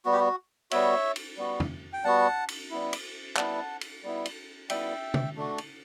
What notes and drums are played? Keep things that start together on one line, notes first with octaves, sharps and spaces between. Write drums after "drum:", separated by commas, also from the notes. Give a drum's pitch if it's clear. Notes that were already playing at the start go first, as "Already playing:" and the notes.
G3 B3 F#4
G4
F#4
G3 B3 F#4 C#5 E5, drum: cymbal
drum: cymbal
G3 B3 F#4
drum: tom
G5
G3 B3 F#4 F#5 A5
drum: cymbal
G3 B3 E4
drum: cymbal
G3 B3 E4 F#5 A5, drum: clap
drum: cymbal
G3 B3 E4
drum: cymbal
G3 B3 E4 E5 G5, drum: cymbal
drum: tom C3
A3 D4 F#4
drum: cymbal